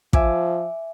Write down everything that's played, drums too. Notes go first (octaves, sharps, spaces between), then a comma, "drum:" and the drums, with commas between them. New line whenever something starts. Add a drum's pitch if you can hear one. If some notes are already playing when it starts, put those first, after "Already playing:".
F3 E5 G#5 D6, drum: kick